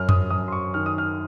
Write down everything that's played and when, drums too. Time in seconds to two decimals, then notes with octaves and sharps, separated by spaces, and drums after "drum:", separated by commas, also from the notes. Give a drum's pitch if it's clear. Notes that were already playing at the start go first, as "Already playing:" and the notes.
Already playing: F#2 F6
0.09 D#6, drum: tom F2
0.30 F#2 D#6
0.48 C6
0.52 C#6
0.74 D#3 F6
0.86 D#6
0.98 F6